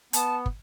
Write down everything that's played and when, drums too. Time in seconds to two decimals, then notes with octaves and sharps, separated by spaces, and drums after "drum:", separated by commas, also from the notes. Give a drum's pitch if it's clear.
0.13 B3 A5, drum: hi-hat
0.46 drum: kick